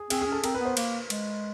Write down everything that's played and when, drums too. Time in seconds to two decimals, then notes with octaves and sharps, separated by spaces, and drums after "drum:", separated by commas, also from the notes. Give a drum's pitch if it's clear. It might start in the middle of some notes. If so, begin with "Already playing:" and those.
Already playing: G#4
0.10 C4 G#4, drum: cymbal
0.22 G#4
0.27 C#4
0.32 A4
0.44 C4 A#4, drum: cymbal
0.55 B4
0.61 B3 C5
0.77 A#3, drum: cymbal
1.10 G#3, drum: cymbal